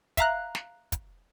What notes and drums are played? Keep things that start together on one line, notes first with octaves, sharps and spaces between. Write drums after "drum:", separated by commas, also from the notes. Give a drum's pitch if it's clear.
E5 F5 A#5 F#6, drum: kick, hi-hat
drum: snare
drum: kick, hi-hat